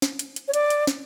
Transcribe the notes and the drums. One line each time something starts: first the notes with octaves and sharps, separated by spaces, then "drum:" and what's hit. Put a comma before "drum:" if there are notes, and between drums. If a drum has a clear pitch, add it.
drum: snare
drum: hi-hat
drum: hi-hat
C#5
D5, drum: hi-hat
drum: hi-hat
drum: snare